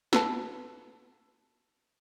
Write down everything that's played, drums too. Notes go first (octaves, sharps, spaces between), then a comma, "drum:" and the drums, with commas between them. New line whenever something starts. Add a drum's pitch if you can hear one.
A4 B4 A5, drum: snare